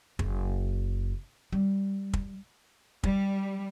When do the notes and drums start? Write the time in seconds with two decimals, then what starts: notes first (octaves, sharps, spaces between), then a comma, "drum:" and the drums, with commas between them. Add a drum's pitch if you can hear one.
0.19 F#1, drum: kick
1.53 G3
2.13 drum: kick
3.03 G3, drum: kick